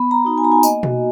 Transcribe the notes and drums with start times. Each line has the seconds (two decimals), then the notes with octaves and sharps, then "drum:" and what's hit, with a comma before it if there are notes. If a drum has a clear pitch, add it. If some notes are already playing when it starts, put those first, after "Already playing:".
Already playing: B3 B5
0.11 A#5
0.25 D#4 F#4
0.38 G#5
0.44 A#5
0.52 G#5
0.63 A#3 D#5, drum: tambourine
0.83 F#4, drum: tom B2